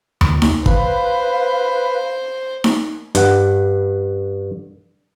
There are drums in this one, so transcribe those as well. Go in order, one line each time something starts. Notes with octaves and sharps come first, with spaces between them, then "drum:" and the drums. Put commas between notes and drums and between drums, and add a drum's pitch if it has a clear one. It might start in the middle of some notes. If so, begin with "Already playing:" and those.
drum: tom D#2
drum: snare D#4
B4 C5 F5, drum: kick
drum: snare D#4
G2 F#5, drum: hi-hat